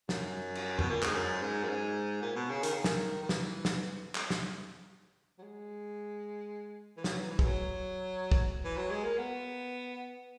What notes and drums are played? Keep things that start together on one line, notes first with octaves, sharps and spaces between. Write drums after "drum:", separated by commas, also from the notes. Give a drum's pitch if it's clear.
F#2, drum: snare
drum: cymbal
B2, drum: tom F2
A#2
G#2, drum: clap
F#2
G#2
F#2
G#2
A#2
B2
C#3
D#3, drum: hi-hat
C#3
D#3, drum: snare
D#3
E3, drum: snare
drum: snare
drum: clap
drum: snare
F#3
G#3
E3
F#3, drum: snare
E3
E3
G#3, drum: kick
F#3
drum: kick
E3
F#3
G#3
A#3
B3